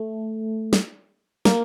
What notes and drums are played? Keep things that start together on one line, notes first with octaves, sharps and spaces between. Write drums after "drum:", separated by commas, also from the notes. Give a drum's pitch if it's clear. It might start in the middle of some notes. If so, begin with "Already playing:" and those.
Already playing: A3
drum: snare
A#3, drum: snare